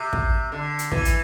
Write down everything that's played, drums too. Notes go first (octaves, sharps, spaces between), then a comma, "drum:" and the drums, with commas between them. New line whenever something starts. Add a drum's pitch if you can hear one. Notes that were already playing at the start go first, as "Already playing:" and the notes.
Already playing: C3
drum: kick
D3
drum: hi-hat
E3, drum: kick
drum: hi-hat